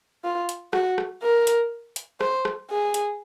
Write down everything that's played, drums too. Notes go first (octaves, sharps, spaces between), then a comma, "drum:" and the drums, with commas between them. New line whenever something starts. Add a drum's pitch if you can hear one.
F4
drum: hi-hat
F#4, drum: rim click
drum: rim click
A#4
drum: hi-hat
drum: hi-hat
C5, drum: rim click
drum: rim click
G#4
drum: hi-hat